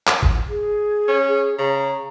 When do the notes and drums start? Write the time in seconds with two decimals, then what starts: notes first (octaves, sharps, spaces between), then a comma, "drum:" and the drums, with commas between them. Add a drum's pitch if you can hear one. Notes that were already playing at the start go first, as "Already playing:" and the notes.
0.07 drum: clap
0.23 drum: kick G#1
0.49 G#4
1.08 C#4
1.28 G#4
1.58 C#3 A#5